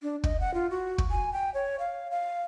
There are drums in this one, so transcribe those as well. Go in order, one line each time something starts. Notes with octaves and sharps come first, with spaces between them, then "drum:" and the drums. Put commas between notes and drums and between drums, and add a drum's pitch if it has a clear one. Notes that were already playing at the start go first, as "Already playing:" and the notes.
D4
D#5, drum: kick
F#5
F4
F#4
drum: kick
G#5
G5
C#5
F5
F5